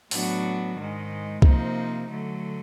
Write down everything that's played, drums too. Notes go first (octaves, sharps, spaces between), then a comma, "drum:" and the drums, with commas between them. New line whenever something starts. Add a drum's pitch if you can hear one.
A2 F#3 B3 D4 F#4, drum: open hi-hat
G#2 D#3 G#3
C3 F3 A#3 D#4, drum: kick
D3 F#3 A3